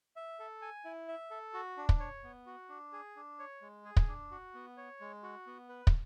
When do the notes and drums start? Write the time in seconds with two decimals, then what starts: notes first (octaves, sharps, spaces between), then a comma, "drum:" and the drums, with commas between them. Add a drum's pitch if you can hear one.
0.16 E5
0.39 A4
0.62 G#5
0.85 E4
1.08 E5
1.31 A4
1.54 F#4
1.77 D4
1.89 drum: kick
2.00 C#5
2.24 B3
2.46 F#4
2.69 D4
2.92 G#4
3.16 D4
3.39 C#5
3.62 G#3
3.85 G#4
3.96 drum: kick
4.08 D4
4.31 F#4
4.54 B3
4.77 C#5
5.01 G#3
5.23 F#4
5.47 B3
5.69 B4
5.87 drum: kick